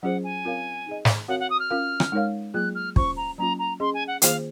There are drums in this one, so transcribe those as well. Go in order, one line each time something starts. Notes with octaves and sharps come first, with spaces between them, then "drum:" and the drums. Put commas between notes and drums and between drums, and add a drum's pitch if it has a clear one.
F#3 C#4 F4 G#4 C5 F#5
G#5
C4 F4 A#4 C#5 F5
D#4 G#4 D#5
drum: snare
C4 F#4 A#4 C#5 F5 F#5
F#5
D#6
F6
C#4 F4 A#4 F5
drum: rim click
G#3 D#4 A#4 C#5 F5
F#3 A#3 F4 G#4 F#6
F6
C#4 F4 C5 C#6, drum: kick
A#5
F#3 A#3 C#4 F4 A#5
A#5
C#4 G#4 D#5 C6
G#5
F#5
D#3 A#3 F4 G#4 C5 F5, drum: hi-hat